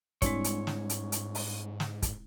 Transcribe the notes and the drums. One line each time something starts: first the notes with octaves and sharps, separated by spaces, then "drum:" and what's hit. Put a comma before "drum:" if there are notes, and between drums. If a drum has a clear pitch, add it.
G#2 G3 G#3 C4 D4 E4 C#5, drum: kick, hi-hat
drum: hi-hat
drum: snare
drum: hi-hat
drum: hi-hat
drum: open hi-hat
drum: snare
drum: kick, hi-hat